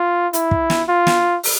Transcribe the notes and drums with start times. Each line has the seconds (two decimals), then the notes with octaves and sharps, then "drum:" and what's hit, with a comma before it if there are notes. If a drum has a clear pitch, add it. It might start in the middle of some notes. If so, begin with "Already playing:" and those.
Already playing: F4
0.33 E4, drum: hi-hat
0.51 drum: kick
0.70 drum: snare
0.88 F4
1.07 drum: snare
1.44 drum: open hi-hat